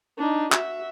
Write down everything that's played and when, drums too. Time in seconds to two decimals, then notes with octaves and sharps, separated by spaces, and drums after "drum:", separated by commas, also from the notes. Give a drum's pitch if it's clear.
0.19 D4 D#4
0.52 F#4 E5, drum: clap